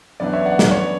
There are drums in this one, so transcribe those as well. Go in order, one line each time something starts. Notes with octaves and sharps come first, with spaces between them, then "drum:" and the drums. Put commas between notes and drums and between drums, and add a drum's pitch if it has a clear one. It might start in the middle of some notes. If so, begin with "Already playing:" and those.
F#2 E3 B3 D4 D5
C#5 E5
D5 F#5
D5, drum: snare
C#5